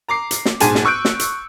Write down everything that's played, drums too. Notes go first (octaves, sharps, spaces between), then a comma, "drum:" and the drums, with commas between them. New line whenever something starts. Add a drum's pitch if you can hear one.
A#5 D6 C7
drum: hi-hat
drum: snare
B1 G#2 G#4 G#5 A5 D#7, drum: hi-hat
drum: snare
C#6 E6 F#6 G6 D7
drum: snare
drum: hi-hat